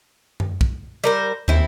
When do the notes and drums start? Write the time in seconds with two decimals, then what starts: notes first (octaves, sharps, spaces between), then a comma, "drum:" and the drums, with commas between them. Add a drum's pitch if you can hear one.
0.40 drum: tom F#2
0.61 drum: kick
1.04 G3 A#4 C5
1.48 D#2 C4 E4